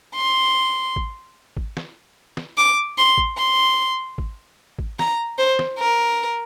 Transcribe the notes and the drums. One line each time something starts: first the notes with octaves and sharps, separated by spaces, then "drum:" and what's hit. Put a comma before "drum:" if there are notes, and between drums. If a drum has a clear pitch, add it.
C6
drum: kick
drum: kick
drum: snare
drum: snare
D6
C6
drum: kick
C6
drum: kick
drum: kick
A#5, drum: snare
C5
drum: snare
A#4